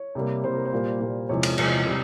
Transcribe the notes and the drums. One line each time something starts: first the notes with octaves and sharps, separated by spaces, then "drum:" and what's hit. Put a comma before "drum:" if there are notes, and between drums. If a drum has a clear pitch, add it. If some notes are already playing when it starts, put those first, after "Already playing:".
Already playing: C#5
C3 G3 A#3
C3 G3 A#3 C5
A#4
C5
A#2 G3 A#3
A#2 G3 A#3
E2 C3 F3 G#3 C#5
drum: cymbal
E2 C3 F3 G#3, drum: cymbal
C3 G3